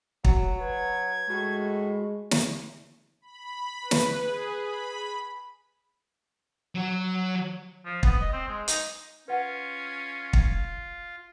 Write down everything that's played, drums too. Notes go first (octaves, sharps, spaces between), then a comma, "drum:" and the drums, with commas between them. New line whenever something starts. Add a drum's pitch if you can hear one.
F#3 F#4, drum: kick
B4 G#6
A2 G#3 F#4
drum: snare
B5
B4
drum: snare
G#4
B5
F#3
F3
B3, drum: kick
D#5
C4
G#3
D#4, drum: hi-hat
C#4 F4 B4 F#5
drum: kick